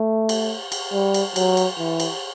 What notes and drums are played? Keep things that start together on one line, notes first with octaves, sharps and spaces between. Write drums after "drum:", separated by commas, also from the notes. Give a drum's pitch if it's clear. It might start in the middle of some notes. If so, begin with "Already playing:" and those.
Already playing: A3
drum: cymbal
drum: cymbal
G3
drum: cymbal
F#3, drum: cymbal
drum: cymbal
E3
drum: cymbal